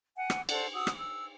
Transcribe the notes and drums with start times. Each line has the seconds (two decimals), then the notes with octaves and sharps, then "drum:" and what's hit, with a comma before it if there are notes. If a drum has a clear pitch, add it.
0.16 F#5 G#5
0.30 drum: rim click
0.49 A4 C5 D5 F#5, drum: cymbal
0.74 F#4 D#6 E6
0.87 drum: rim click
0.98 E6